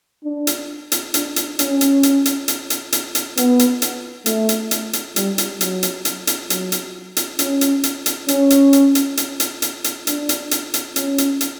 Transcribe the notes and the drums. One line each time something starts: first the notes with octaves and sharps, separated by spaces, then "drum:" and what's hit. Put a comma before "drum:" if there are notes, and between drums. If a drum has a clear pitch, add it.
D4
drum: hi-hat
drum: hi-hat
D4, drum: hi-hat
drum: hi-hat
C#4, drum: hi-hat
drum: hi-hat
drum: hi-hat
drum: hi-hat
drum: hi-hat
drum: hi-hat
drum: hi-hat
drum: hi-hat
B3, drum: hi-hat
drum: hi-hat
drum: hi-hat
A3, drum: hi-hat
drum: hi-hat
drum: hi-hat
drum: hi-hat
G3, drum: hi-hat
drum: hi-hat
F#3, drum: hi-hat
drum: hi-hat
drum: hi-hat
drum: hi-hat
F#3, drum: hi-hat
drum: hi-hat
drum: hi-hat
C#4, drum: hi-hat
drum: hi-hat
drum: hi-hat
drum: hi-hat
C#4, drum: hi-hat
drum: hi-hat
drum: hi-hat
drum: hi-hat
drum: hi-hat
drum: hi-hat
drum: hi-hat
drum: hi-hat
D4, drum: hi-hat
drum: hi-hat
drum: hi-hat
drum: hi-hat
C#4, drum: hi-hat
drum: hi-hat
drum: hi-hat